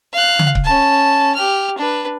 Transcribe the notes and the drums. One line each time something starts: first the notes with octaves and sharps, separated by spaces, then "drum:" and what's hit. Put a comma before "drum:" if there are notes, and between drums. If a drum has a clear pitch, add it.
F5 F#6
drum: tom C#3
drum: kick C#1
C#4 A5
G4 F6
D4 B4